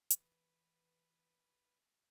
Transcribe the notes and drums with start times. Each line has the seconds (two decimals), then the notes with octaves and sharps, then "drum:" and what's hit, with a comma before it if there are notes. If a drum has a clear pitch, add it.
0.10 E3 B4, drum: hi-hat